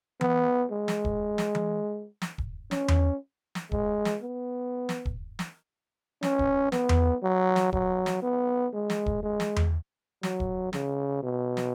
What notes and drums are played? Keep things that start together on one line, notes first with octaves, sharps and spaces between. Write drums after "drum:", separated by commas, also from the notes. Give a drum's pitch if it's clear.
B3, drum: tom E3
G#3
drum: snare
drum: kick
drum: snare
drum: tom E3
drum: snare
drum: kick
C#4, drum: snare
drum: tom E2
drum: snare
G#3, drum: kick
drum: snare
B3
drum: snare
drum: kick
drum: snare
C#4, drum: snare
drum: kick
B3, drum: snare
drum: tom E2
F#3
drum: snare
F#3, drum: kick
drum: snare
B3
G#3
drum: snare
drum: kick
G#3
drum: snare
drum: tom E2
F#3, drum: snare
drum: kick
C#3, drum: snare
B2
drum: snare